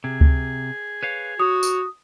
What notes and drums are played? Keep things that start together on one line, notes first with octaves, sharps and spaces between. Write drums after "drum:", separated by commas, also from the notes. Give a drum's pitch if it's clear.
C3 G#4
drum: kick C#2
B4 C#5 F5
F#4 C#5 D#6
drum: tambourine